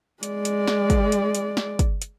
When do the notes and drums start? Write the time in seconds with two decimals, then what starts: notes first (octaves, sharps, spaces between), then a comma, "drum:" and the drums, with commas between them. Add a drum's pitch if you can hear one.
0.23 G#3 D5, drum: hi-hat
0.45 drum: hi-hat
0.68 drum: snare
0.90 drum: kick, hi-hat
1.12 drum: hi-hat
1.35 drum: hi-hat
1.57 drum: snare
1.79 drum: kick, hi-hat
2.02 drum: hi-hat